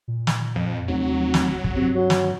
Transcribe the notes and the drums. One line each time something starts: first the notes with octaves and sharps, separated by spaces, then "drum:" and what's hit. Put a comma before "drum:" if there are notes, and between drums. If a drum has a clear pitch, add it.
A#2
drum: snare
F2
F1 D#2 F#3
drum: snare
drum: kick
G2 C3
F#3
drum: snare